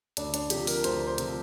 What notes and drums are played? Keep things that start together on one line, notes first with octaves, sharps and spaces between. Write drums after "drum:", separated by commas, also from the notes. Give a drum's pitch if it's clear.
D2 D4, drum: hi-hat
D4, drum: hi-hat
C3 F3 G4, drum: hi-hat
A#4, drum: open hi-hat
D2 C5, drum: hi-hat
C5
C3 F3, drum: hi-hat